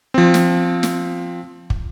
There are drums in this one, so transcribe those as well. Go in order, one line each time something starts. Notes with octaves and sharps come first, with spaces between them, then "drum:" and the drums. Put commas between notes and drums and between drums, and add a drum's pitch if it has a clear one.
F3 C4
drum: snare
drum: snare
drum: kick